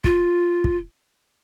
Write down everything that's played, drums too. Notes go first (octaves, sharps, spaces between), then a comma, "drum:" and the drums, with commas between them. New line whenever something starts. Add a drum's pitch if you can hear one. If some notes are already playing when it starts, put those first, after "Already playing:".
F4, drum: kick
drum: kick